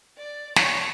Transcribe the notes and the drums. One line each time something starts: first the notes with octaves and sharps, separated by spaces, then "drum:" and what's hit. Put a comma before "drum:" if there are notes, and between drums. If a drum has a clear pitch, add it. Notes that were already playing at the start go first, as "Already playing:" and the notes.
D5
C#5, drum: snare